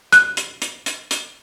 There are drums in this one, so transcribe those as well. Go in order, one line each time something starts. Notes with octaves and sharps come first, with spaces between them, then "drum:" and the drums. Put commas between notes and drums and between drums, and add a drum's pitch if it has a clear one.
F#6, drum: hi-hat
drum: hi-hat
drum: hi-hat
drum: hi-hat
drum: hi-hat